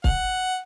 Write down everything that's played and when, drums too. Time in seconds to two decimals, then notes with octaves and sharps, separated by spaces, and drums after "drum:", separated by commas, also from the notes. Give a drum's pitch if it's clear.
0.04 F#5, drum: kick